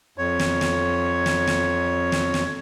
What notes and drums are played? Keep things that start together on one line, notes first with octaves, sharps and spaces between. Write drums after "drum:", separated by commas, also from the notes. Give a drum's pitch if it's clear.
F2 C#5
drum: snare
drum: snare
drum: snare
drum: snare
drum: snare
drum: snare